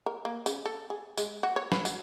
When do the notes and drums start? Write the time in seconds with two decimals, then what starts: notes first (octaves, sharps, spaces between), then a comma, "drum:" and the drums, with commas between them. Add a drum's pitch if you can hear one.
0.06 A#4
0.25 A#3
0.46 C#3, drum: tambourine
0.66 A4
0.90 G#4
1.17 G#3, drum: tambourine
1.43 F#4
1.56 C#5
1.72 B4, drum: snare
1.85 F#3, drum: tambourine